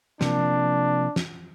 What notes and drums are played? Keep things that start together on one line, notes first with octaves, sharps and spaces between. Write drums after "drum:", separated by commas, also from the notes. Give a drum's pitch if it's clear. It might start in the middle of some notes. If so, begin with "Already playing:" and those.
C3 F3 A#3 D4, drum: snare
drum: snare